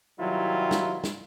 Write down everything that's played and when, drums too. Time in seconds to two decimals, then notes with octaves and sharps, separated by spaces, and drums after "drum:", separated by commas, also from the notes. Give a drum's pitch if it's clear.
0.20 C3 D#3 F#3 G3 E4 F4
0.71 drum: snare
1.04 drum: snare